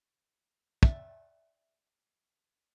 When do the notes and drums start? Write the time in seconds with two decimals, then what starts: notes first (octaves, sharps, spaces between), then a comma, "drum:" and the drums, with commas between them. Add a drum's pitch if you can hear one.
0.83 D5 E5, drum: kick